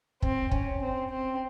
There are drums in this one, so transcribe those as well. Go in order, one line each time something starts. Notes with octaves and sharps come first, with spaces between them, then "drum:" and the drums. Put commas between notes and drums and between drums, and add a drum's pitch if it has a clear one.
C4, drum: kick
C#4, drum: kick
C4
C4